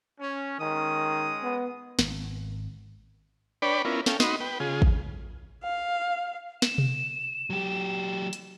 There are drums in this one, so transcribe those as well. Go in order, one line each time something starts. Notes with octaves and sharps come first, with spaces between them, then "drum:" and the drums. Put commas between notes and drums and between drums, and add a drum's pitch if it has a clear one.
C#4
D#3 G#3 C#4 D#6
B3
G#1, drum: snare
D4 B4 C#5 D5 G5 B5
B3 C#4 E4 F4 A#4
C#4 A4 F5 G5, drum: snare
D#4 F#4 D#5 B5 C6, drum: snare
B4 G5
C#3 F4 G#4
drum: kick
F5
E7, drum: snare
drum: tom B2
F#3 G4
drum: hi-hat